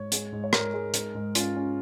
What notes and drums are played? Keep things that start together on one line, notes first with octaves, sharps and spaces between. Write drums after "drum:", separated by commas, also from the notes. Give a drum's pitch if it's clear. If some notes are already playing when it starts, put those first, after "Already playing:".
Already playing: G#2 C#5
G#3, drum: hi-hat
G#2
C#5
G#2 A#4, drum: rim click
G#3
G#2, drum: hi-hat
G#2
C#4 F4, drum: hi-hat
C#4